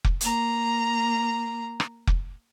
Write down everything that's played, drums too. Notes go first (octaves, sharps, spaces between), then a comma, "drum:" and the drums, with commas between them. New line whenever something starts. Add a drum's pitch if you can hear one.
drum: kick F1
A#3 A#5, drum: hi-hat
drum: rim click
drum: kick F1